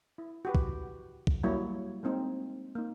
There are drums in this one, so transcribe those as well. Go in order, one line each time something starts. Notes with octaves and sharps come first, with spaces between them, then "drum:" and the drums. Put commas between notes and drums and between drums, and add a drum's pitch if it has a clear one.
E4
F#4 G4 B4
drum: kick
drum: kick
F#3 G3 A#3 E4 C#5
G#3 A#3 C4 D#4
A#3 D#4